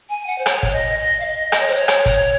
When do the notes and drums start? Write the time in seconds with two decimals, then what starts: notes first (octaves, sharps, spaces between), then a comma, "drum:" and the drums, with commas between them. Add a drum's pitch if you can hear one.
0.09 G#5
0.27 F#5
0.38 C5
0.46 C#5, drum: rim click
0.63 drum: kick
0.72 D#5
0.99 D#5
1.20 F5
1.26 D#5
1.52 D#5, drum: rim click
1.60 C#5
1.68 C5, drum: hi-hat
1.76 C#5
1.88 drum: rim click
2.06 drum: kick, hi-hat